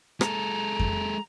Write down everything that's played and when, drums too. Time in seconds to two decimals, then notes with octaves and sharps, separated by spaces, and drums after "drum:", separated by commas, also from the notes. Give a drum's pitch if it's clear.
0.21 G#3 A4 A#5, drum: rim click
0.79 drum: kick F2